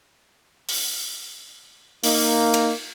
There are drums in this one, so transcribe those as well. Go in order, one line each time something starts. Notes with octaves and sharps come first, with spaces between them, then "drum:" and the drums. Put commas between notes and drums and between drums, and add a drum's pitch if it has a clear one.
drum: open hi-hat
A#3 D#4, drum: open hi-hat
drum: cymbal